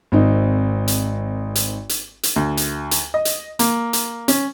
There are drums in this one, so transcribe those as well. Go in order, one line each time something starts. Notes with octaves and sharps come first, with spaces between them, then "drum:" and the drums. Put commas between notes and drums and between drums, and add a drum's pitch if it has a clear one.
G#1 C4 D#4
drum: hi-hat
drum: hi-hat
drum: hi-hat
drum: hi-hat
D2
drum: hi-hat
drum: hi-hat
D#5
drum: hi-hat
A#3, drum: hi-hat
drum: hi-hat
C#4, drum: hi-hat